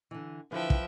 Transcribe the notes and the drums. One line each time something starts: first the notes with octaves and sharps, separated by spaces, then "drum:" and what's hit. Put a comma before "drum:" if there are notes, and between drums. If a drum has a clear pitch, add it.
D3 E3
D3 E3 F3 B4 E5 G5
drum: kick